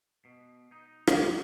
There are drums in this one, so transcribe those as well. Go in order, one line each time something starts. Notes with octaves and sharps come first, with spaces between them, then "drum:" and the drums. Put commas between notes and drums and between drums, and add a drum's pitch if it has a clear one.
B2
D#4
drum: rim click